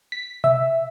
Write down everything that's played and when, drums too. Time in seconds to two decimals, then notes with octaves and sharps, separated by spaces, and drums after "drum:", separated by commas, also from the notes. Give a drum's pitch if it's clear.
0.12 B6
0.44 E5, drum: tom B2